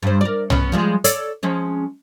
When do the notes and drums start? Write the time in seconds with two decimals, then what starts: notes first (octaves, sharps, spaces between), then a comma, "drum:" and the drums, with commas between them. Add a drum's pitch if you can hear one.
0.02 G2 C5
0.21 A#4 D5
0.50 B3 C#4, drum: tom
0.72 F3 G3 G#3
1.04 A4 C#5 D5, drum: hi-hat
1.43 F3 G#3 C#4